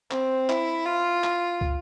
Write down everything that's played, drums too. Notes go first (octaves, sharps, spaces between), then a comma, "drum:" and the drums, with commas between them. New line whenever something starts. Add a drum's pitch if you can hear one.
C4, drum: clap
E4, drum: clap
F4
drum: clap
drum: kick